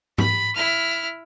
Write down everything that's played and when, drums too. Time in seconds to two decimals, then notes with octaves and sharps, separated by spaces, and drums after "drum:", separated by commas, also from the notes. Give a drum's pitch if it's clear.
0.18 B5, drum: tom G#2
0.56 E4 F6